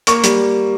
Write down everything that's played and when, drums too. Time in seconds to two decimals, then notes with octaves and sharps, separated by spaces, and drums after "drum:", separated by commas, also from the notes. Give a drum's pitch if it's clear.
0.07 A#3 C#6, drum: hi-hat
0.24 G3, drum: hi-hat